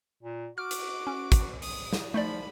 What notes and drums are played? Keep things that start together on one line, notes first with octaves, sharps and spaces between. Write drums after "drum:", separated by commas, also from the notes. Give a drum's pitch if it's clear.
A#2
F#4 D6 F6
drum: hi-hat
C#4
drum: kick, hi-hat
D#6, drum: open hi-hat
drum: snare
F3 A3 D#4 D5 B5